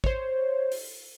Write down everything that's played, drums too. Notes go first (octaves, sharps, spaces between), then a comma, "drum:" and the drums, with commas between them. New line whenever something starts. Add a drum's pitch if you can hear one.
C5 C#5, drum: kick
drum: open hi-hat